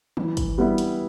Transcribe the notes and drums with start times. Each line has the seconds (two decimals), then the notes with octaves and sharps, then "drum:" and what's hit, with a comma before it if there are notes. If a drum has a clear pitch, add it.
0.17 E3, drum: tom E3
0.37 drum: kick, hi-hat
0.58 G3 B3 E4
0.78 drum: hi-hat